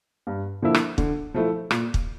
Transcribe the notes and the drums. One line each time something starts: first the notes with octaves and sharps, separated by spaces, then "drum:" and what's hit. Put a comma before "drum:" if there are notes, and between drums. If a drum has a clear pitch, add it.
G2
D3 F3 A#3 E4
drum: rim click
D3, drum: kick
F3 A3 E4
A#2, drum: rim click
drum: kick